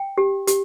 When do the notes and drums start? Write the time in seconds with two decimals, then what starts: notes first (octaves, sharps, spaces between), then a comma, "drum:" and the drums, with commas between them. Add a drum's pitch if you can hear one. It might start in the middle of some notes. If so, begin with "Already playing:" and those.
Already playing: G5
0.18 G4
0.47 G4, drum: hi-hat